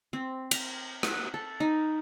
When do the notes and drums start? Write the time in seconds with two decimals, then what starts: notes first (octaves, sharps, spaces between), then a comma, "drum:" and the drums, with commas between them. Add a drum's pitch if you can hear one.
0.13 C4
0.51 A#5, drum: cymbal
1.03 F#5, drum: rim click
1.34 A4
1.60 D#4